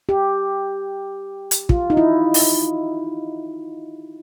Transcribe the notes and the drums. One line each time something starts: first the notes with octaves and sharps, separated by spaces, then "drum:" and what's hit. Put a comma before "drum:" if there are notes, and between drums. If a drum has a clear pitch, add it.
G4
drum: hi-hat
F4, drum: kick
D#4
E4
drum: open hi-hat